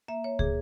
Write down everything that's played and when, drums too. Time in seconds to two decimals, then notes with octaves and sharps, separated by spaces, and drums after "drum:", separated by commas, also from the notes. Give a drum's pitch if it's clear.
0.08 A#3 E5
0.24 C#5
0.39 A#2 G#4, drum: kick